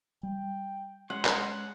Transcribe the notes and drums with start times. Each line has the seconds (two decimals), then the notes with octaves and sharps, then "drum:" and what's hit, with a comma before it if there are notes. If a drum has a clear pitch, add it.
0.23 G3 G5
1.10 G#3 C#4 F#5 C6
1.25 drum: clap